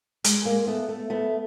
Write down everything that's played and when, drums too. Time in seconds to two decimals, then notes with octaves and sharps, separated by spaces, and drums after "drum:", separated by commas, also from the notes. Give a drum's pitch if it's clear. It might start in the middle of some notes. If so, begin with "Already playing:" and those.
0.24 G#3, drum: hi-hat
0.45 G#3 A#3
0.66 A3 B3
0.89 A3
1.10 A3 B3